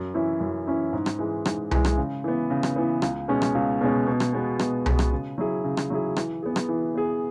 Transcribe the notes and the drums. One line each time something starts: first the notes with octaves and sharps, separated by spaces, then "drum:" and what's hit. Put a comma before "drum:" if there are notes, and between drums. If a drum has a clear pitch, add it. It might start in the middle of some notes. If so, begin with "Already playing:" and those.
Already playing: F#2
E3 C#4 E4
F#2
E3 C#4 E4
G#2
drum: rim click
E3 G#3
G#2, drum: rim click
E3 G#3, drum: tom C2
drum: rim click
C#3
E3 B3
C#3
drum: rim click
E3 B3
C#2, drum: rim click
B2 G#3 C#4
drum: rim click
C#2
B2 G#3 C#4
B2
drum: rim click
G#3 B3 F#4
B2, drum: rim click
G#3 B3 F#4, drum: tom C2
drum: rim click
C#3
F#3 E4 G#4
C#3
drum: rim click
F#3 E4 G#4
E3, drum: rim click
B3 G#4
drum: rim click
E3
B3 G#4